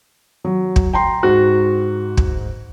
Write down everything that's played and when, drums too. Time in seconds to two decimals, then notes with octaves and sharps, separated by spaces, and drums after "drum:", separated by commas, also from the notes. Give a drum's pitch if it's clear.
0.44 F#3
0.76 drum: kick
0.93 G5 A#5 C6
1.23 G#2 F#4
2.17 drum: kick